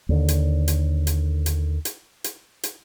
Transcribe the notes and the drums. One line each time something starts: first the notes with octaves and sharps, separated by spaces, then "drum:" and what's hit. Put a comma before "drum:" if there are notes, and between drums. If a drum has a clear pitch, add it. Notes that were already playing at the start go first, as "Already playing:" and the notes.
D#2 D3
drum: hi-hat
drum: hi-hat
drum: hi-hat
drum: hi-hat
drum: hi-hat
drum: hi-hat
drum: hi-hat